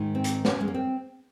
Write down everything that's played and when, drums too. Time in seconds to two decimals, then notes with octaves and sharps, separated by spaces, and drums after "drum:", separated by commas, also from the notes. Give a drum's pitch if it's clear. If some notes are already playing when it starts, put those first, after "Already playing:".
Already playing: G#2 D#3
0.15 C4
0.24 drum: hi-hat
0.45 C#4, drum: snare
0.61 G#3
0.68 A#3
0.74 C4